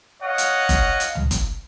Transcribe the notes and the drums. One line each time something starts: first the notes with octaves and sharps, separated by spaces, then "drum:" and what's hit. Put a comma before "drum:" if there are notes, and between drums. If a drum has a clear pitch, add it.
C#5 D#5 F5 F#5
drum: hi-hat
drum: kick F#1, hi-hat
drum: hi-hat
drum: tom C#2
drum: kick F#1, hi-hat